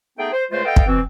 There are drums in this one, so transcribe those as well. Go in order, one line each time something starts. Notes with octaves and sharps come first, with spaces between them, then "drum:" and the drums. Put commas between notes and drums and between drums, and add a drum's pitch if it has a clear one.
A3 B3 D#4 G#4 G5
C5
C#3 G#3 A3 F4 B4 C5
B3 A4 D#5 F5 G5
drum: kick
B2 E3 C4